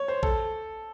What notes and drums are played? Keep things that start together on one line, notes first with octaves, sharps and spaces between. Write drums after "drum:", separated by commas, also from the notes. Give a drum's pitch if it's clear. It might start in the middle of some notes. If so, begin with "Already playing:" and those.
Already playing: C#5
C5
A4, drum: kick A#1